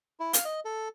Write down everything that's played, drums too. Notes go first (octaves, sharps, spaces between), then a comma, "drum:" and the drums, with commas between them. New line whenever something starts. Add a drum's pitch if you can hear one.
E4
F5, drum: hi-hat
D#5
A4